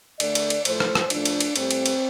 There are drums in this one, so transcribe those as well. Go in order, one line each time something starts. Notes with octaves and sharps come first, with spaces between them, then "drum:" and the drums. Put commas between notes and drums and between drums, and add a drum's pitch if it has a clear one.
D3 A3 D5, drum: cymbal
drum: cymbal
drum: cymbal
A2 F3 A3 C5, drum: cymbal
drum: rim click
drum: rim click
A2 F3 A3 D4, drum: cymbal
drum: cymbal
drum: cymbal
A2 G3 C4, drum: cymbal
drum: cymbal
drum: cymbal